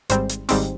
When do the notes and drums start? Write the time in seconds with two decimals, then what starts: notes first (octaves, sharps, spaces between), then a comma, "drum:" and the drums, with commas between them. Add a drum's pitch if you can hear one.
0.10 G#1 G#2 G3 C4 C5, drum: hi-hat
0.29 drum: hi-hat
0.49 G#1 G#2 G3 C4, drum: open hi-hat